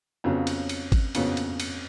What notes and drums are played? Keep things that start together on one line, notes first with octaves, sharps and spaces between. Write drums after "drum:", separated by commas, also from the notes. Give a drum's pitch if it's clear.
F2 C#3 F#3 B3
drum: cymbal
drum: cymbal
drum: kick G#1, cymbal
F2 C#3 F#3 B3, drum: cymbal
drum: cymbal
drum: cymbal